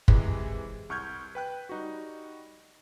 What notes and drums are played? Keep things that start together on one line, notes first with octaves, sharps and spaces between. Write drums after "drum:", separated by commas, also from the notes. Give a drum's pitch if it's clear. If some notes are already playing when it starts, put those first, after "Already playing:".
C3 E3 G#3, drum: kick
C2 C#6 F6 G6 G#6
B4 G5 F#6
G3 D#4 F#4